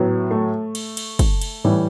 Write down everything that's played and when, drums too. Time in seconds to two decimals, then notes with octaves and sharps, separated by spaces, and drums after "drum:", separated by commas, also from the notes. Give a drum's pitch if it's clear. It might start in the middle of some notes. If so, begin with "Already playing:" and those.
Already playing: A2 F#3 B3
0.31 A3
0.75 drum: cymbal
0.97 drum: cymbal
1.19 drum: kick, cymbal
1.41 drum: cymbal
1.64 A2 E3 G3